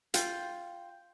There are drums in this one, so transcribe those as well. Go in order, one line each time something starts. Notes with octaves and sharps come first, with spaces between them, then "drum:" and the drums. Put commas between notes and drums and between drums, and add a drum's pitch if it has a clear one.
F4 G5, drum: hi-hat